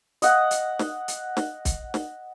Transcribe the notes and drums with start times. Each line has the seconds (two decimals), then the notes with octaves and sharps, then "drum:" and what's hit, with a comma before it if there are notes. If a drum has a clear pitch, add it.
0.22 D#5 F#5, drum: hi-hat
0.51 drum: hi-hat
0.79 drum: snare
1.08 drum: hi-hat
1.37 drum: snare
1.65 drum: kick, hi-hat
1.94 drum: snare